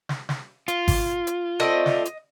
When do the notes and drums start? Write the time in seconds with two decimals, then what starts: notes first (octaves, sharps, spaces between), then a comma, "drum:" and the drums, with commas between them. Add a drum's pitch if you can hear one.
0.09 drum: snare
0.29 drum: snare
0.68 F4, drum: hi-hat
0.88 drum: kick G#1, open hi-hat
1.27 drum: hi-hat
1.60 A3 C4 D5 D#5
1.86 drum: snare
2.05 drum: hi-hat